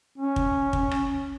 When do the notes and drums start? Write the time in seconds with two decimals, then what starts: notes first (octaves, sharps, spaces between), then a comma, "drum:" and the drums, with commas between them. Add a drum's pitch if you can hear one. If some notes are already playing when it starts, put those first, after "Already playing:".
0.18 C#4
0.36 drum: kick
0.73 drum: kick
0.91 drum: rim click